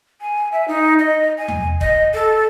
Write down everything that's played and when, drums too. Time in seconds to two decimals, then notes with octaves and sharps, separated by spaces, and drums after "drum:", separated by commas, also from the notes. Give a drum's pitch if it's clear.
0.21 G#5
0.52 E5
0.68 D#4
0.99 D#5
1.38 G#5
1.48 drum: tom E2
1.81 D#5, drum: kick
2.14 A4